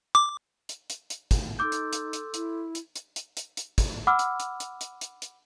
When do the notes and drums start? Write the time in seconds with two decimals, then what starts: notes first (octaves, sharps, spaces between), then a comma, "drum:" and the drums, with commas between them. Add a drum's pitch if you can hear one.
0.15 D6
0.69 drum: hi-hat
0.90 drum: hi-hat
1.10 drum: hi-hat
1.31 drum: kick, hi-hat
1.59 D#4 A4 C6 D6 E6 G6
1.72 drum: hi-hat
1.93 drum: hi-hat
2.13 drum: hi-hat
2.34 E4, drum: hi-hat
2.75 drum: hi-hat
2.96 drum: hi-hat
3.16 drum: hi-hat
3.37 drum: hi-hat
3.57 drum: hi-hat
3.78 drum: kick, hi-hat
4.07 F#5 B5 D6 E6 F6
4.19 drum: hi-hat
4.40 drum: hi-hat
4.60 drum: hi-hat
4.81 drum: hi-hat
5.01 drum: hi-hat
5.22 drum: hi-hat